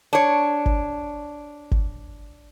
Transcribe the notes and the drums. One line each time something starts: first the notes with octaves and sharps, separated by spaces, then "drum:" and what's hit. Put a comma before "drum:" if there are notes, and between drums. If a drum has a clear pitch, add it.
D4 C#5
drum: kick G1
drum: kick G1